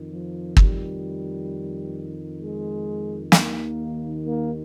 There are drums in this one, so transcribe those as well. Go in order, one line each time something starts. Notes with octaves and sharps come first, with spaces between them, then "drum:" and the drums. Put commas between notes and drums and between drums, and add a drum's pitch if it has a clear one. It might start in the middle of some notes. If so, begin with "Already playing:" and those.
Already playing: F2 D#3
F3
G3, drum: kick
G#3
D#2 D#3 A#3, drum: snare
A#3